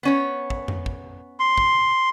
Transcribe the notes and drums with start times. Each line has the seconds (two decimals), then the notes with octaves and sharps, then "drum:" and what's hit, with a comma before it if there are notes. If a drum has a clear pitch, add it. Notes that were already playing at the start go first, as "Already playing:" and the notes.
0.03 B3 C#4 C#5
0.50 drum: kick
0.68 drum: tom F2
0.86 drum: kick
1.40 C6
1.58 drum: kick